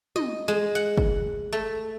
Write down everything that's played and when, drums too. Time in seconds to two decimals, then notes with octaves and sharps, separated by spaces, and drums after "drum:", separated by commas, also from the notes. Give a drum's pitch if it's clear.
0.16 D#5, drum: tom
0.48 G#3
0.75 F#5
0.97 drum: kick
1.52 A3